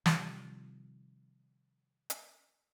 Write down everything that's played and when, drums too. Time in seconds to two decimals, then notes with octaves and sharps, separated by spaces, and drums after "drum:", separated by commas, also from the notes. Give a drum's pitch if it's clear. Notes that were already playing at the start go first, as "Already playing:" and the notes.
0.06 C3 D#3 F3 G3, drum: snare
2.10 drum: hi-hat